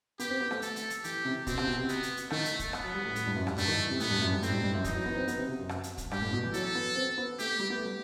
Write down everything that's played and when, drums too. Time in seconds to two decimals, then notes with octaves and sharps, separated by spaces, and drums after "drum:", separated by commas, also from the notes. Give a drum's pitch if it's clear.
0.19 B3 G4, drum: hi-hat
0.30 C4
0.40 B3
0.51 A3, drum: rim click
0.62 A4, drum: hi-hat
0.76 drum: hi-hat
0.90 drum: hi-hat
1.04 E3 G4, drum: hi-hat
1.25 C3
1.47 B2 C4, drum: kick, hi-hat
1.58 C3, drum: rim click
1.67 B2
1.78 C3
1.89 B3, drum: hi-hat
2.03 drum: hi-hat
2.17 drum: hi-hat
2.30 D#3 A3, drum: rim click
2.45 drum: hi-hat
2.59 drum: kick, hi-hat
2.73 B3, drum: rim click
2.84 F#3
2.94 G3
3.05 A2
3.16 A2, drum: hi-hat
3.26 G2
3.36 F#2
3.47 G2, drum: rim click
3.58 G2 A3, drum: hi-hat
3.68 D#3
3.79 E3
3.90 C3
4.00 A2 B3, drum: hi-hat
4.11 G2
4.22 F#2
4.32 G2
4.43 A2 C4, drum: hi-hat
4.53 G2
4.64 G2
4.75 F#2
4.84 E3 D#4, drum: kick, hi-hat
4.95 F#3
5.06 B3
5.17 C4
5.28 B3, drum: hi-hat
5.37 C3
5.48 C3
5.59 F#2
5.69 drum: rim click
5.83 drum: hi-hat
5.98 drum: kick, hi-hat
6.11 G2 G4, drum: rim click
6.22 A2
6.33 B2
6.44 E3
6.54 F#3 A4, drum: hi-hat
6.75 B3
6.96 C4
7.18 B3
7.39 A3 G4, drum: hi-hat
7.49 A3
7.60 G3
7.70 B3
7.78 A3
7.85 G3